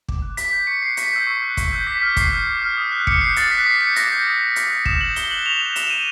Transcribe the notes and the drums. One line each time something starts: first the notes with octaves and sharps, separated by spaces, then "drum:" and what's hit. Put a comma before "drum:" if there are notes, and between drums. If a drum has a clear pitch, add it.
D6, drum: kick
F#6
D6 B6, drum: hi-hat
G6
C#6 C#7
F#6 C7
C#6 B6, drum: hi-hat
E6 G6
C#6
F#6
C#6, drum: kick, hi-hat
E6 G6
D6 B6
F6 B6
C#6 C7, drum: kick, hi-hat
E6 G6
D6
F6
D#6
F#6
D6 C#7, drum: kick
G6 C7
D6 A6, drum: hi-hat
F#6 B6
D6 C7
G6 C#7
D6 A#6, drum: hi-hat
G6
D#6
G6
D6, drum: hi-hat
F#6
D#6 E7, drum: kick
G6 F#7
D#6 G7, drum: hi-hat
F#6 F#7
C#6 F7
E6 G6 E7
D#6 E7, drum: hi-hat
G6 D#7